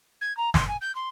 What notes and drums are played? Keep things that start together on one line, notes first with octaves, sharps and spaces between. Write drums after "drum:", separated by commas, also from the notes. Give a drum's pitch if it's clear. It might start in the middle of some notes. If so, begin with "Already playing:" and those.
G#6
A#5
C6, drum: snare
G#5
G6
C6